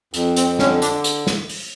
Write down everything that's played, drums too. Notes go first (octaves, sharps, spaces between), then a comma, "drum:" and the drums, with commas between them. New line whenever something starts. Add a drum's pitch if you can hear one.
F2, drum: hi-hat
C4, drum: hi-hat
D3 C#4, drum: snare
D4, drum: hi-hat
drum: hi-hat
drum: snare
drum: open hi-hat